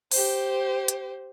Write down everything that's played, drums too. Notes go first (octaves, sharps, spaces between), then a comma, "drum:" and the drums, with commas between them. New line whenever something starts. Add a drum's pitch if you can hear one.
G4 C5, drum: open hi-hat
drum: hi-hat